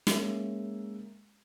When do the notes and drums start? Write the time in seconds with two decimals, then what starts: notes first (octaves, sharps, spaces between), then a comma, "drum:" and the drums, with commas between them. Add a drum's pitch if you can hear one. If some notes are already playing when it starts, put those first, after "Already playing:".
0.07 G#3 A#3 C#4 E5, drum: snare